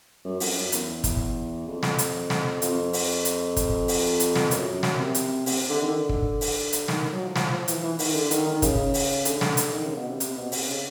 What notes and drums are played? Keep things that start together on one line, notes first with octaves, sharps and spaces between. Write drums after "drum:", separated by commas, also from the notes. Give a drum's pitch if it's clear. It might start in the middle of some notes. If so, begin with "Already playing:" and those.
F#2
F2, drum: open hi-hat
F#2
E2, drum: hi-hat
drum: kick, hi-hat
F2
drum: snare
drum: hi-hat
drum: snare
F2, drum: hi-hat
drum: open hi-hat
drum: hi-hat
drum: kick, hi-hat
drum: open hi-hat
drum: hi-hat
drum: snare
F#2, drum: hi-hat
drum: snare
C3
drum: hi-hat
C3, drum: open hi-hat
D3
D#3
D3
drum: kick
drum: open hi-hat
drum: hi-hat
D#3, drum: snare
F#3
F3
F3, drum: snare
F3
E3, drum: hi-hat
E3
D#3, drum: open hi-hat
D3
D#3, drum: hi-hat
D#3
C#3, drum: kick, hi-hat
drum: open hi-hat
D3, drum: hi-hat
drum: snare
drum: hi-hat
D#3
C#3
B2
C3
C3, drum: hi-hat
B2
C3, drum: open hi-hat
C#3